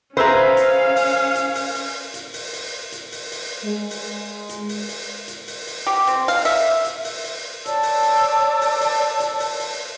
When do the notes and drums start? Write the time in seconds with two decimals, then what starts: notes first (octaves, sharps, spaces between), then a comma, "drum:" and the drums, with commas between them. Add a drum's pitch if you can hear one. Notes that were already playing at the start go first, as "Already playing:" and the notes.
0.17 C#4 G#4 B4 C5 E5 F5 A#5
0.57 drum: hi-hat
0.96 drum: open hi-hat
1.35 drum: hi-hat
1.55 drum: open hi-hat
1.75 drum: open hi-hat
2.14 drum: hi-hat
2.33 drum: open hi-hat
2.53 drum: open hi-hat
2.92 drum: hi-hat
3.12 drum: open hi-hat
3.32 drum: open hi-hat
3.63 G#3
3.90 drum: open hi-hat
4.49 drum: hi-hat
4.69 drum: open hi-hat
4.88 drum: open hi-hat
5.28 drum: hi-hat
5.47 drum: open hi-hat
5.67 drum: open hi-hat
5.87 G4
6.07 C4, drum: hi-hat
6.28 F5, drum: open hi-hat
6.45 E5, drum: open hi-hat
6.85 drum: hi-hat
7.04 drum: open hi-hat
7.24 drum: open hi-hat
7.66 C#5 D5 A5 E6, drum: hi-hat
7.83 drum: open hi-hat
8.02 drum: open hi-hat
8.61 drum: open hi-hat
8.81 drum: open hi-hat
9.20 drum: hi-hat
9.40 drum: open hi-hat
9.59 drum: open hi-hat